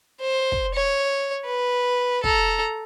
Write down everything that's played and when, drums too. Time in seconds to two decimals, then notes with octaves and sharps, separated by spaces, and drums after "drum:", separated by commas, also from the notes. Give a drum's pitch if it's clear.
0.21 C5
0.52 drum: kick
0.75 C#5
1.45 B4
2.24 A4 A#5, drum: kick